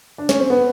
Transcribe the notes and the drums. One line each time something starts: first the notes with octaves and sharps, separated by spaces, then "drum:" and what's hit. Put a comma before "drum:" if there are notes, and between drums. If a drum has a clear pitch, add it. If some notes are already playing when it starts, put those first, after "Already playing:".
D4
C#4, drum: snare
C4
B3